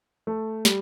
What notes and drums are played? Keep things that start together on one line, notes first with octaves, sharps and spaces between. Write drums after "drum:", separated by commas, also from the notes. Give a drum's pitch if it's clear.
A3
G3, drum: snare